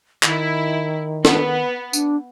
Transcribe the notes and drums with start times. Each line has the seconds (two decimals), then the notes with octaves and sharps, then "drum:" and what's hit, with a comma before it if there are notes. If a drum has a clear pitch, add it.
0.23 D#3 E4, drum: clap
1.25 B3, drum: snare
1.93 D4, drum: tambourine